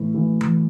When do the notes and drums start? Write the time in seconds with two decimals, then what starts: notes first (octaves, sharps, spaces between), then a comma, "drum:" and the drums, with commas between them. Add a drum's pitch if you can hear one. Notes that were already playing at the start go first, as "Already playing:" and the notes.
Already playing: A2 E3
0.14 A2 E3
0.41 drum: tom E3